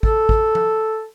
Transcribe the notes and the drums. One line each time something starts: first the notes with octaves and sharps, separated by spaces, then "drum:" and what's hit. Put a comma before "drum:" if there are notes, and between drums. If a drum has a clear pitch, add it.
A4, drum: kick
drum: kick
drum: tom